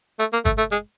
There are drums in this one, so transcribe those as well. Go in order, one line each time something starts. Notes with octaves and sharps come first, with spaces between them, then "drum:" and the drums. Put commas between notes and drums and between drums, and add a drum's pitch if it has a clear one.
A3, drum: hi-hat
A#3
A3, drum: kick, hi-hat
A3
G#3, drum: hi-hat